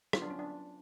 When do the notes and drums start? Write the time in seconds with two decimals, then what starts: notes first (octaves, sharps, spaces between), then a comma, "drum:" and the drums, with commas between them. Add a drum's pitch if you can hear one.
0.13 F#3 B3 F4, drum: rim click
0.22 D4
0.30 C#4
0.39 D4